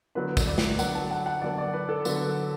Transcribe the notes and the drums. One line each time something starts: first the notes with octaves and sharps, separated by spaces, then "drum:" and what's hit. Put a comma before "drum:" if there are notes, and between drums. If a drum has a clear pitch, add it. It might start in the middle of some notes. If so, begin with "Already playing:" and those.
D3 F#3 B3 B4
drum: kick, tambourine
D5
drum: snare
D3 F#3 B3 F#5, drum: tambourine
A5
F#5
F#5
D3 F#3 B3 D5
D5
B4
A4
D3 F#3 B3, drum: tambourine